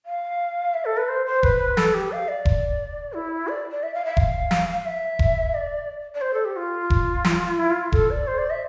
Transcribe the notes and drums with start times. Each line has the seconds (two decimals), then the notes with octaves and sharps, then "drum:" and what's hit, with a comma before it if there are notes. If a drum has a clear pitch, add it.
0.06 F5
0.74 E5
0.85 A4
0.97 B4
1.08 C5
1.26 C5
1.43 B4, drum: kick E1
1.77 A4, drum: snare
1.94 G4
2.11 F5
2.28 D5
2.45 drum: kick E1
3.13 E4
3.48 D5
3.71 D5
3.83 E5
3.94 F5
4.05 E5
4.17 F5, drum: kick E1
4.51 drum: snare
4.81 F5
4.86 E5
5.19 drum: kick E1
5.54 D5
6.15 D5
6.21 C5
6.33 A4
6.45 G4
6.56 F4
6.90 drum: kick E1
7.24 drum: snare
7.58 E4
7.70 F4
7.92 A4, drum: kick E1
8.10 D5
8.27 C5
8.38 D5
8.50 E5